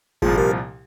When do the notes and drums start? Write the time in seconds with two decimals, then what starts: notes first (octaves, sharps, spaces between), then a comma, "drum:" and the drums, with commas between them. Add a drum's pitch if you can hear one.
0.22 C2 A#2 F3 F4 G#4, drum: kick G#1
0.37 G4 A#4